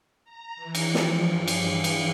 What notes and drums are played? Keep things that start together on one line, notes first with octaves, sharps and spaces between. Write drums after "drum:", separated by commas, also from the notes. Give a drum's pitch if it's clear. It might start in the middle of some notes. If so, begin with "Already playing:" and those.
A#5
E3
drum: cymbal
F3, drum: snare
G2
drum: cymbal
E3
drum: cymbal